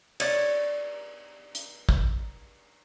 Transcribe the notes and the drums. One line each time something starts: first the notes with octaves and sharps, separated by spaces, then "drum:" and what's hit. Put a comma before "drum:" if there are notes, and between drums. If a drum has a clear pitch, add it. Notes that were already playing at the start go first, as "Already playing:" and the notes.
C#5 D5, drum: cymbal
drum: hi-hat
drum: kick